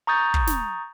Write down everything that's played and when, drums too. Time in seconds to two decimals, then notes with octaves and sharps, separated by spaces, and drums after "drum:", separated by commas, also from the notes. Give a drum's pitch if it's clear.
0.07 A#5 C#6 D#6 G6 A6
0.34 drum: kick
0.47 drum: snare